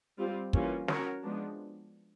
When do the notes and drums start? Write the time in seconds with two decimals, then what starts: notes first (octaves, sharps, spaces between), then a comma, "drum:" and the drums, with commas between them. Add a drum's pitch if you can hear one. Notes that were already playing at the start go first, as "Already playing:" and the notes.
0.18 G3 C4 F4
0.53 E3 G3 A#3 C#4 F4, drum: kick
0.88 C#4 F#4 A#4 C#5, drum: snare
1.24 F3 G#3 B3 D4